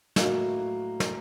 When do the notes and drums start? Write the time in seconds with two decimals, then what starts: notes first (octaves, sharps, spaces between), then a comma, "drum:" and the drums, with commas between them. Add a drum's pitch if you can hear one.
0.16 A2 F#3 A#3 D#4 F#4, drum: snare
1.00 drum: snare